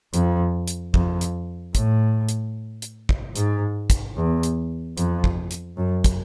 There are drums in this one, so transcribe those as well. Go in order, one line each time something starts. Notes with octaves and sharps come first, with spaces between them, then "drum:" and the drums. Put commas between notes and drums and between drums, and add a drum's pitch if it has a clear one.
F2, drum: hi-hat
drum: hi-hat
F2, drum: kick
drum: hi-hat
A2, drum: kick, hi-hat
drum: hi-hat
drum: hi-hat
drum: kick
G#2, drum: hi-hat
drum: kick, hi-hat
E2
drum: hi-hat
F2, drum: hi-hat
drum: kick
drum: hi-hat
F#2
drum: kick, hi-hat